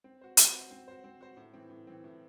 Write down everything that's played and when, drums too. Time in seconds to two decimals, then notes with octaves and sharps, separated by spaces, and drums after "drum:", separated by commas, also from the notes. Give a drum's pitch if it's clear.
0.04 C4
0.21 F#4 C5
0.37 C4, drum: hi-hat
0.54 F#4 C5
0.71 C4
0.88 F#4 C5
1.04 C4
1.21 F#4 C5
1.37 A2
1.53 E3 C4
1.70 A2
1.87 E3 C4
2.04 A2